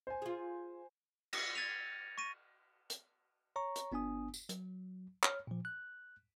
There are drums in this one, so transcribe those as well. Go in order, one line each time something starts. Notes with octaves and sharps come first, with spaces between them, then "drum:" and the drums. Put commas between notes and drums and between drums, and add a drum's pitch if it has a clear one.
C5 G#5
F4 G#4
A#6 C#7, drum: cymbal
G#6 A6 D#7 F7
C#6 A#6 D#7
drum: hi-hat
C#5 A#5 C#6
drum: hi-hat
G1 B3 D4 G#5 D#6
drum: tambourine
F#3, drum: hi-hat
C#5 F6, drum: clap
A#2 F3
F#6